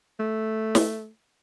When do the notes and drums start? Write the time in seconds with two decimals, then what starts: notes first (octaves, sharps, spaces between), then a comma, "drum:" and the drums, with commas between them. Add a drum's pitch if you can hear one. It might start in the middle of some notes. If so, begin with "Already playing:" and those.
0.20 A3
0.75 drum: snare